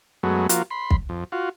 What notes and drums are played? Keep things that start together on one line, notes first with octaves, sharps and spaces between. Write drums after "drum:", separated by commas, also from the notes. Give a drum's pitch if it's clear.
F#2 F#3 G#3 A3 B3
F3 A#3 F4 F#4, drum: hi-hat
B5 C6
drum: kick
F2
F4 F#4